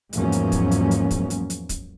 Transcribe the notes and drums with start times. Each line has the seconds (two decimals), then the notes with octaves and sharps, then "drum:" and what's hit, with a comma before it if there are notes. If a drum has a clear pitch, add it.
0.13 E2 G#2 F3 F#3 A#3 C#4, drum: hi-hat
0.32 drum: hi-hat
0.52 drum: kick, hi-hat
0.71 drum: hi-hat
0.91 drum: hi-hat
1.11 drum: kick, hi-hat
1.30 drum: hi-hat
1.50 drum: hi-hat
1.69 drum: kick, hi-hat